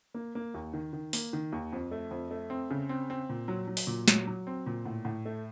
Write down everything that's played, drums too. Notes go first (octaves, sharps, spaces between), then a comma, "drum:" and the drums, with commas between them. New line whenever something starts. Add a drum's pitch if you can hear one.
A#3
A#3
D#2
D#3
D#3
A#3, drum: open hi-hat
D#3
D#2
F2
A3
F2
A3
C4
C#3
C4
C4
A#2
F#3
F#3
drum: open hi-hat
A#2
F#3, drum: snare
F#3
C4
A#2
A2
A2
A3